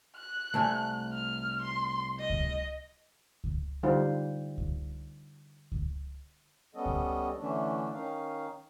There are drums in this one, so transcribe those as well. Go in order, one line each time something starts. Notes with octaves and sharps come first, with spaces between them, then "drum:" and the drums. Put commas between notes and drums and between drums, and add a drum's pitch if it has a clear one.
F#6
C2 A3 G#5
F6
C6
D#5
drum: kick C#2
drum: kick C#2
D3 G3 D#4 F4 C5
drum: kick C#2
drum: kick C#2
G3 B3 C#4 A4 D#5
drum: kick C#2
D3 E3 A3 C#4 D4
D#3 C#4 D#4 F5